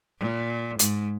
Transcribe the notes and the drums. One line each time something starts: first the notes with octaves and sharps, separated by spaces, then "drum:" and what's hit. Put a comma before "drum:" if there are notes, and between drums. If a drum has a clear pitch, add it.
A#2
G#2, drum: hi-hat